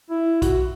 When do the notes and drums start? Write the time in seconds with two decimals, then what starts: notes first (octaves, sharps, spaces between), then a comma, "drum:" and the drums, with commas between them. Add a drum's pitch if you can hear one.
0.10 E4
0.42 F#4, drum: kick, hi-hat